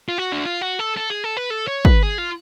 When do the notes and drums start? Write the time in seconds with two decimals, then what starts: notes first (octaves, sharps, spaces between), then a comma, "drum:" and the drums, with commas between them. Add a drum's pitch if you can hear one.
0.09 F4
0.18 F#4
0.32 D4
0.44 F4
0.62 F#4
0.79 A4
0.97 A4
1.10 G#4
1.24 A4
1.37 B4
1.50 A4
1.68 C#5
1.85 B4, drum: kick
2.03 G#4
2.18 F4